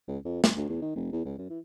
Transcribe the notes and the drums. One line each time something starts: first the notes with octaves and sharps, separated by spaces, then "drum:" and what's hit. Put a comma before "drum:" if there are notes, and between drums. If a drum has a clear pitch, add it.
C#2
F2
G1, drum: snare
D2
E2
D#3
F1
E2
C#2
F#2
E3